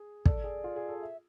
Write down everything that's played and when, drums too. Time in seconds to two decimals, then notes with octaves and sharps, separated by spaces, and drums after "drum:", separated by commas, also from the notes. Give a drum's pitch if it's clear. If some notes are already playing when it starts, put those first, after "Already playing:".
Already playing: G#4
0.26 A4 D5, drum: kick
0.44 G#4
0.64 F4
0.76 G#4
0.88 A4
1.01 E5